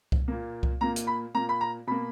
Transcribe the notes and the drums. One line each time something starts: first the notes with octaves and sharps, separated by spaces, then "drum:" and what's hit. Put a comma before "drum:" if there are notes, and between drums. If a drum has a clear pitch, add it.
drum: kick C2
A#2 A#3
drum: kick C2
A#2 A#3 A#5
drum: hi-hat
B5
A#2 A#3 A#5
B5
A#5
B2 A#3 B5